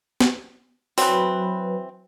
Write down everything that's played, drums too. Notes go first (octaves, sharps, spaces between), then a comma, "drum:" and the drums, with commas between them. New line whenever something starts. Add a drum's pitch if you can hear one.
drum: snare
E3 F#3 C4 B4, drum: open hi-hat